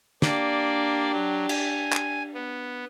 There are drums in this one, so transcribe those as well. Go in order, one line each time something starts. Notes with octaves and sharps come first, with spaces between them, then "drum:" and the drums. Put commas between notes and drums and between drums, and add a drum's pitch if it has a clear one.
A#3 D4 G4 D5, drum: snare
F#3
G#5, drum: cymbal
drum: clap
B3